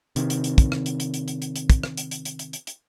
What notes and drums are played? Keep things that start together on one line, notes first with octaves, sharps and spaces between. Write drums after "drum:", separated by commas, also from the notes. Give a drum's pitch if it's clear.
C3 D#3, drum: hi-hat
drum: hi-hat
drum: hi-hat
drum: kick, hi-hat
drum: rim click
drum: hi-hat
drum: hi-hat
drum: hi-hat
drum: hi-hat
drum: hi-hat
drum: hi-hat
drum: kick, hi-hat
drum: rim click
drum: hi-hat
drum: hi-hat
drum: hi-hat
drum: hi-hat
drum: hi-hat
drum: hi-hat